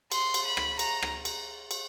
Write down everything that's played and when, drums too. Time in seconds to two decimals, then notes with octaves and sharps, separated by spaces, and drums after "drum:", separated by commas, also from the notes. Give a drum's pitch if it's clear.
0.12 C6, drum: cymbal
0.34 drum: cymbal
0.45 B5
0.57 drum: rim click
0.79 A#5, drum: cymbal
1.02 drum: rim click
1.25 drum: cymbal
1.71 drum: cymbal